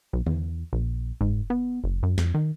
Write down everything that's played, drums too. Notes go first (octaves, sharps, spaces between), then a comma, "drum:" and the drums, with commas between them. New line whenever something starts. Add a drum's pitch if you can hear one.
B1
E2, drum: tom D3
A#1
G#2, drum: kick F#1
B3
F#1
F#2
F2, drum: snare
D#3